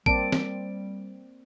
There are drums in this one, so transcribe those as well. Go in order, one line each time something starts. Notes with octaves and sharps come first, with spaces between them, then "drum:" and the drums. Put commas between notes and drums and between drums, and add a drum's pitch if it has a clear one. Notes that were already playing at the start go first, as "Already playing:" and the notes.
G3 A#3 C4 A#4 D5 A5 D7, drum: kick
drum: snare